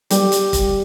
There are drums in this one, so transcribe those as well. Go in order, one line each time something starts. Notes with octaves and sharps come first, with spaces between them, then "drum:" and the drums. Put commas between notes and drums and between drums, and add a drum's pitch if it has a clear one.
G3 G4, drum: hi-hat
drum: hi-hat
drum: kick, hi-hat